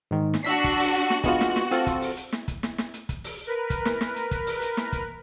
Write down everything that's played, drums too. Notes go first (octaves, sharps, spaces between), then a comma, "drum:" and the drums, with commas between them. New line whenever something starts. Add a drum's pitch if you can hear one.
G#2 D#3
drum: snare
D4 F#4 E6 B6 C7
drum: kick, hi-hat
drum: open hi-hat
drum: hi-hat
drum: snare
G#3 B3 F4 F#4, drum: kick, hi-hat
drum: snare
drum: snare
C4 F4 A4, drum: hi-hat
drum: kick, hi-hat
drum: open hi-hat
drum: hi-hat
drum: snare
drum: kick, hi-hat
drum: snare
drum: snare
drum: hi-hat
drum: kick, hi-hat
drum: open hi-hat
A#4 B4
drum: kick, hi-hat
drum: snare
drum: snare
drum: hi-hat
drum: kick, hi-hat
drum: open hi-hat
drum: hi-hat
drum: snare
drum: kick, hi-hat